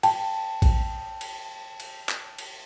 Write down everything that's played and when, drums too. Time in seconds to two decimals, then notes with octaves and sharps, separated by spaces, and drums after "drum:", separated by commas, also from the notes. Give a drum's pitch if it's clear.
0.03 G5 A5, drum: cymbal
0.62 drum: kick A#1, cymbal
1.21 drum: cymbal
1.80 drum: cymbal
2.09 drum: clap
2.38 drum: cymbal